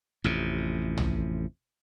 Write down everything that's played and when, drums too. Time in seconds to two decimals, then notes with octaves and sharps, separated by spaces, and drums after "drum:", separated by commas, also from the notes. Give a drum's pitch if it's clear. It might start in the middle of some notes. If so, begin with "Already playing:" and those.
0.24 A1 F2 C3
0.98 drum: tom